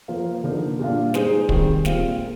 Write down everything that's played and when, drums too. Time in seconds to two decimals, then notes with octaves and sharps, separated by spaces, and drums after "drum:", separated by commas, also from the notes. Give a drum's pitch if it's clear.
0.08 F3 A#3 F4 C5
0.43 D3 F3 A#3 D#4
0.79 A#2 G3 D4 F4
1.14 G#3 D#4 G#4 C5, drum: snare
1.49 D#3 G3 C4, drum: kick
1.85 A#2 G#3 C4 F4, drum: snare
2.21 A#3